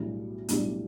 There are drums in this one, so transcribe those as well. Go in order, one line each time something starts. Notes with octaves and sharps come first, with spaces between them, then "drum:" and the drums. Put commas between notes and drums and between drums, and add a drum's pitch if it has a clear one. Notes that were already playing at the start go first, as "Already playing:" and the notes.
Already playing: B1 A2 G3 D4
B1 A2 G3 D4, drum: hi-hat